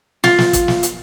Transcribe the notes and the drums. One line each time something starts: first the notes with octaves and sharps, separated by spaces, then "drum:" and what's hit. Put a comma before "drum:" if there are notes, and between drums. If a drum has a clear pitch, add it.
F4, drum: snare
drum: snare
drum: kick, hi-hat
drum: snare
drum: hi-hat